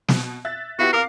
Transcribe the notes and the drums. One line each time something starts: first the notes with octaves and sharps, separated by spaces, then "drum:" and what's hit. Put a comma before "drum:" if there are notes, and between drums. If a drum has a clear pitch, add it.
B2, drum: snare
E5 F#6 A6
B3 E4 F#4 G4
A#4 F5 D6 C7